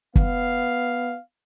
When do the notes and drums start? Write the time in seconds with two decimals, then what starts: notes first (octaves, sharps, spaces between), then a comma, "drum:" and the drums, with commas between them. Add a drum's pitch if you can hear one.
0.16 B3 F5, drum: kick